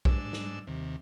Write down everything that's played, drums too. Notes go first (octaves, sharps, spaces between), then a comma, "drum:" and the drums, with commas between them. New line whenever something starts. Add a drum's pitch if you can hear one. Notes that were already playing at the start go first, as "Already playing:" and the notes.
G#2 D4 E6, drum: kick
drum: snare
D#2 C3